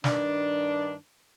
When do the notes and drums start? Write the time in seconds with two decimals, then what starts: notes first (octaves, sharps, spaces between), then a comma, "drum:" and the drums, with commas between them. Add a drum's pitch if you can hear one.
0.04 G2 D#3 D4, drum: snare